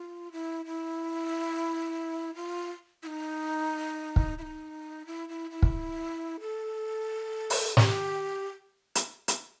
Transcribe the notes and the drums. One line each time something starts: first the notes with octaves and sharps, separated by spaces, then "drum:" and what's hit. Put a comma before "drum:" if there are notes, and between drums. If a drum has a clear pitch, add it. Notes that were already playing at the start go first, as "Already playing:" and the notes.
Already playing: F4
E4
E4
F4
E4
D#4
drum: kick
E4
D#4
E4
E4
E4
drum: kick
A4
drum: open hi-hat
G4, drum: snare
drum: hi-hat
drum: hi-hat